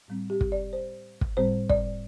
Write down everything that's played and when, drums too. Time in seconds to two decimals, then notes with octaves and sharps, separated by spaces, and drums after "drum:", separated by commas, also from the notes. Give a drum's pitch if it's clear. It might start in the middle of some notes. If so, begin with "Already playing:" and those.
0.08 A2 G3 C4
0.30 G4
0.41 drum: kick
0.52 D5
0.73 C5
1.21 drum: kick
1.37 A2 G3 C4 C5
1.70 D5, drum: kick